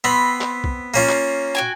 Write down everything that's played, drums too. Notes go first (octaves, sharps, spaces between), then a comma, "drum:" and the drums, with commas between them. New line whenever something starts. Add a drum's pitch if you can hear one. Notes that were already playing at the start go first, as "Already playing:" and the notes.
B3 C4 B5 C6
drum: clap
drum: kick
A#3 C#4 F4
drum: clap
F#4 G5 G#5